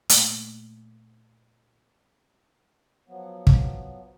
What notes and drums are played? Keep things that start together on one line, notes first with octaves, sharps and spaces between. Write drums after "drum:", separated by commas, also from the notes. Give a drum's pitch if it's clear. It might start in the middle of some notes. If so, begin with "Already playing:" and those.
A#2 A3 A#3, drum: hi-hat
F3 F#3 B3
drum: kick